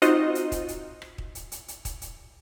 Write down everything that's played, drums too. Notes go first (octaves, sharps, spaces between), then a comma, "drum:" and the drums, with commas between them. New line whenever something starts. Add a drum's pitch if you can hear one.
C4 D#4 F4 F#4 C5 D#5, drum: hi-hat
drum: hi-hat
drum: kick, hi-hat
drum: hi-hat
drum: rim click
drum: kick
drum: hi-hat
drum: hi-hat
drum: hi-hat
drum: kick, hi-hat
drum: hi-hat